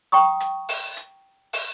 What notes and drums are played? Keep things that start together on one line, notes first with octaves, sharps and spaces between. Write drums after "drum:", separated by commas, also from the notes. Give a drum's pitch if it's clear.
G5 A#5 C#6 D#6
drum: hi-hat
drum: open hi-hat
drum: hi-hat
drum: open hi-hat